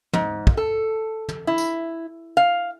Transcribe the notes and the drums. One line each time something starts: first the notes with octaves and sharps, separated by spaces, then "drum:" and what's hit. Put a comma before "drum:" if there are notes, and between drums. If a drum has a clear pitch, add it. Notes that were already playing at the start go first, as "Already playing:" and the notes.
G#2, drum: tom
drum: kick
A4
drum: tom
E4
drum: tambourine
F5